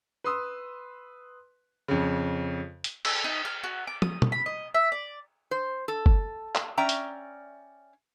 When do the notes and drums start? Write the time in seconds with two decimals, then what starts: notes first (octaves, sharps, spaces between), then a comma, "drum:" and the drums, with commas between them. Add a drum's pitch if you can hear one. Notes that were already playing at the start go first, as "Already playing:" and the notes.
0.24 B4 C6 D#6 E6
1.88 F2 C#3
2.84 drum: hi-hat
3.05 A4, drum: cymbal
3.24 D#4
3.45 F6
3.64 F#4
3.87 D6
4.02 D#6, drum: tom
4.22 drum: tom
4.32 B5
4.46 D#5
4.74 E5
4.92 D5
5.51 C5
5.88 A4
6.06 drum: kick
6.55 drum: clap
6.78 C#4 D5 E5 G5 A#5
6.89 drum: hi-hat